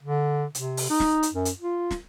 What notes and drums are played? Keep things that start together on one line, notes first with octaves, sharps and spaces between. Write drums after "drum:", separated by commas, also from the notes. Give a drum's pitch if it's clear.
D3
C3, drum: hi-hat
drum: open hi-hat
D#4
drum: snare
drum: hi-hat
F#2
drum: hi-hat
F4
drum: snare